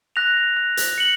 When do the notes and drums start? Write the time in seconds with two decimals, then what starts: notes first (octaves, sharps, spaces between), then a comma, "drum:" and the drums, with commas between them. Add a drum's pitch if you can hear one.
0.16 F#6 A#6 F7
0.57 F#6
0.77 drum: hi-hat
0.98 C#7 F#7